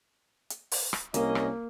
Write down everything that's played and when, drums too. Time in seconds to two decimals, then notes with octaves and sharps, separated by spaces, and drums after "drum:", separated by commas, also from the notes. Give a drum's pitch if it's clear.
0.50 drum: hi-hat
0.72 drum: open hi-hat
0.93 drum: rim click
1.14 C2 A#3 C#4 D#5, drum: hi-hat
1.35 drum: rim click